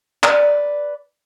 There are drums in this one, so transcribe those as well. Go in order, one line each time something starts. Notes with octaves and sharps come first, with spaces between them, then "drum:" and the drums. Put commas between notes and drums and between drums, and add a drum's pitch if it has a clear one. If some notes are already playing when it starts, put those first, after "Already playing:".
B4 D5, drum: clap